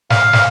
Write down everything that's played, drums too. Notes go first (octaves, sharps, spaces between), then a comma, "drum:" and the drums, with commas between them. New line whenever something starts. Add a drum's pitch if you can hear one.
F5, drum: snare
drum: snare